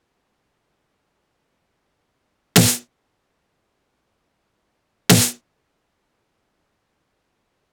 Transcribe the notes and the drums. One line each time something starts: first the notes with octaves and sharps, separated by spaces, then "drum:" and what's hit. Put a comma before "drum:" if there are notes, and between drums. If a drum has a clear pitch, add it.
C#5 F#5
D5
drum: snare
F6
G#3 C5 G5
G4 D5
drum: snare
A#2 E3 D#4 G4 G#4 A#4 G#5
E2 C5 D#5